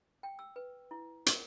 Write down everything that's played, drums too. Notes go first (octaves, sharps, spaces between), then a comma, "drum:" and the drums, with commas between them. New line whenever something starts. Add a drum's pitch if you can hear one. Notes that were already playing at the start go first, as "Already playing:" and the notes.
G5
E6
B4
E4
A#4, drum: hi-hat